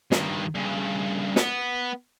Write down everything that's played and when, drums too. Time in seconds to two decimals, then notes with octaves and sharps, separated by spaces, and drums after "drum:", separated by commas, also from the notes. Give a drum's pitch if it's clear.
0.12 G2 D#3, drum: snare
0.55 G2 C#3
1.36 B3, drum: snare